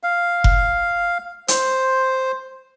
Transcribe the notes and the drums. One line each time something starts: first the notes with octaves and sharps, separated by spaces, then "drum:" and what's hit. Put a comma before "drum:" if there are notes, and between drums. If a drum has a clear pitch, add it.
F5
drum: kick F1
C5, drum: hi-hat